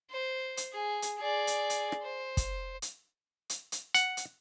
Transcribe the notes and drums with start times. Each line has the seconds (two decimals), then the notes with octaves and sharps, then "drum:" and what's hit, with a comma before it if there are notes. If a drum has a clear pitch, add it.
0.10 C5
0.57 drum: hi-hat
0.73 G#4
1.02 drum: hi-hat
1.18 G#4 D5
1.47 drum: hi-hat
1.70 drum: hi-hat
1.92 drum: rim click
2.02 C5
2.37 drum: kick, hi-hat
2.82 drum: hi-hat
3.50 drum: hi-hat
3.72 drum: hi-hat
3.94 F#5, drum: hi-hat
4.17 drum: hi-hat